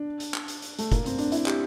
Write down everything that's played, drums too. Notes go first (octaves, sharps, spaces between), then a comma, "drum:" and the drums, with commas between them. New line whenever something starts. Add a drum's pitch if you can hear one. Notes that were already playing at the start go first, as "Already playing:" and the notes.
Already playing: D4
drum: hi-hat
drum: clap
drum: hi-hat
drum: hi-hat
A3, drum: hi-hat
A#3, drum: kick, hi-hat
C4, drum: hi-hat
D4, drum: hi-hat
E4, drum: hi-hat
G4, drum: clap